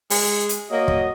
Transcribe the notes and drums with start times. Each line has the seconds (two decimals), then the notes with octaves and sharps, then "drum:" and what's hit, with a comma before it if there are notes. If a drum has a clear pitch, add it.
0.10 G#3, drum: open hi-hat
0.49 drum: hi-hat
0.71 A#3 F#4 C#5 D#5
0.88 drum: kick